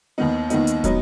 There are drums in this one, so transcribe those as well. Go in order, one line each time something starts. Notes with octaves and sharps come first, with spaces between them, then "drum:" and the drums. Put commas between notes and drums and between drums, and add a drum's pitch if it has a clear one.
D#2 D#3 B3 D#4
D#2 D#3 B3 D#4, drum: hi-hat
drum: hi-hat
F#3 B3 D#4, drum: kick, hi-hat